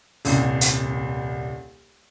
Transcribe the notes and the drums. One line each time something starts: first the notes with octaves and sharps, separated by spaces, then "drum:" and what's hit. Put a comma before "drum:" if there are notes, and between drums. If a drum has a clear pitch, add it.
D#1 C2, drum: open hi-hat
drum: hi-hat